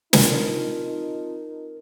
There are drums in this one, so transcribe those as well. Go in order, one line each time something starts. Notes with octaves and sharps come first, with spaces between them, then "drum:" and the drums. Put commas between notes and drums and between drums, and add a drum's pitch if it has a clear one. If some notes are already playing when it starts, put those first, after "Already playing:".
C4 D#4 F4 A#4 A5, drum: snare